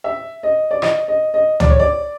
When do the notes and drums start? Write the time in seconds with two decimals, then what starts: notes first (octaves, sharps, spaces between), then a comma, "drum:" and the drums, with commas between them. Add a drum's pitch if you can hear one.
0.04 E5
0.43 D#5
0.71 D5
0.82 D#5, drum: rim click
1.08 D#5
1.34 D#5
1.60 D5, drum: tom
1.70 C#5
1.80 D5